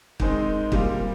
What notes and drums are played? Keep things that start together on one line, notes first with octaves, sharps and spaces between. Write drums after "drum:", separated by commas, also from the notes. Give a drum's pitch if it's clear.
D#3 G#3 C4 D#4, drum: kick
A#2 G3 A#3 F4, drum: kick